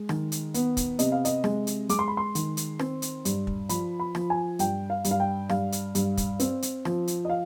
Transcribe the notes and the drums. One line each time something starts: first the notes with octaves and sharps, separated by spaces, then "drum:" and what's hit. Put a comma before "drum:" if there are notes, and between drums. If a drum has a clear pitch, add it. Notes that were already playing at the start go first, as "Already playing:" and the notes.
Already playing: G#3
D#3, drum: rim click
drum: hi-hat
B3, drum: hi-hat
drum: kick, hi-hat
C3 D#5, drum: hi-hat
F5
D#5, drum: hi-hat
G#3, drum: rim click
drum: hi-hat
G#3 D6, drum: hi-hat
C6
B5
C6
D#3, drum: hi-hat
drum: hi-hat
C4, drum: rim click
drum: hi-hat
G2, drum: hi-hat
drum: kick
F3 B5, drum: hi-hat
B5
F3, drum: rim click
G#5
G2 G5, drum: hi-hat
F5
G2, drum: hi-hat
F5
G5
G2 F5, drum: rim click
drum: hi-hat
G2, drum: hi-hat
drum: kick, hi-hat
C4, drum: hi-hat
drum: hi-hat
F3, drum: rim click
drum: hi-hat
D#5
F5